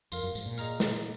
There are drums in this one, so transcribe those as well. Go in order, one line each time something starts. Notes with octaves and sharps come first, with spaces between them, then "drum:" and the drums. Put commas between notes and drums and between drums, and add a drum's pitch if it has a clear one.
F2 A#4 F5 C6, drum: tambourine
F#2
G#2, drum: tambourine
A#2
G#4 D#5 A#5 F6, drum: tambourine
drum: snare